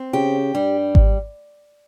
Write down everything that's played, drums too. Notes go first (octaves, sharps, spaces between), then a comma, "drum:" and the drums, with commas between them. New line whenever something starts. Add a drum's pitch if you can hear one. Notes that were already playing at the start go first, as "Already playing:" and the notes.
Already playing: C4
C#3 G4
G2 G3
drum: kick G#1